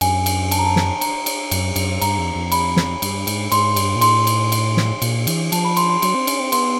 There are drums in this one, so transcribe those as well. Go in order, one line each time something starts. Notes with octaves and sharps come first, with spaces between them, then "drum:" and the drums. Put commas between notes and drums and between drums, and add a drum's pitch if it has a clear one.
F#2 G#5, drum: cymbal
drum: cymbal
A5, drum: cymbal
A#5
A5
drum: snare
A#5, drum: cymbal
drum: cymbal
F#2, drum: cymbal
F#2, drum: cymbal
G2 A#5, drum: cymbal
F2
F2
B5, drum: cymbal
drum: snare
G2, drum: cymbal
G#2, drum: cymbal
G#2 C6, drum: cymbal
G2, drum: cymbal
A#2
A2 C6, drum: cymbal
drum: cymbal
drum: cymbal
drum: snare
A#2, drum: cymbal
E3, drum: cymbal
F3 A5, drum: cymbal
B5
C6, drum: cymbal
C6
F#3 C6, drum: cymbal
C4
C#4, drum: cymbal
C4
B3 C6, drum: cymbal